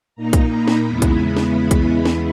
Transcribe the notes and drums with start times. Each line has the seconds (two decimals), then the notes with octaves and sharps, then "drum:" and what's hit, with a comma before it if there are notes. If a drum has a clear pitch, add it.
0.15 A#2 A#3 D#4 A#5
0.33 drum: kick, hi-hat
0.51 B5
0.68 drum: snare
0.85 E2 C#3 G#3 B3 E4
1.02 drum: kick, hi-hat
1.36 drum: snare
1.71 drum: kick, hi-hat
2.05 drum: snare